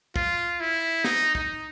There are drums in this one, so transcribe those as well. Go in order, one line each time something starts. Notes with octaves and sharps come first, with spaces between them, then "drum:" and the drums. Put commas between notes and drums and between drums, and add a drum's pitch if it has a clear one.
F4, drum: kick
E4
D#4, drum: snare
D#4, drum: kick